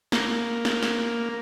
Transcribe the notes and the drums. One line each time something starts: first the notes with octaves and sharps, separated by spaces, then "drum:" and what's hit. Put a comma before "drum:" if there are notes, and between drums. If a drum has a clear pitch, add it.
A#3, drum: snare
drum: snare
drum: snare